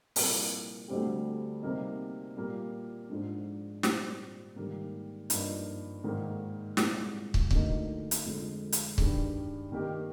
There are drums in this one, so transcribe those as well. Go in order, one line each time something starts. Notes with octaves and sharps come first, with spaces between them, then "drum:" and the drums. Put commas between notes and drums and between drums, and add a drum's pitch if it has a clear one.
C2 A#2 F3 A#3, drum: open hi-hat
D2 D3 G3 C4 G4
C3 G3 A#3 D#4
A#2 G3 A#3
G#2 F3 G#3 D4
A#2 G3 C4, drum: snare
G#2 D#3 G3 A#3
G2 F3 A#3 D#4, drum: hi-hat
G#2 D#3 A#3
C2 A#2 G#3, drum: snare
drum: kick
D2 D3 F3 A#3 D#4, drum: kick
drum: hi-hat
F2 D3 G#3
drum: hi-hat
G2 D#3 G3 D4 G#4, drum: kick
D#3 A#3 D#4 G4 A#4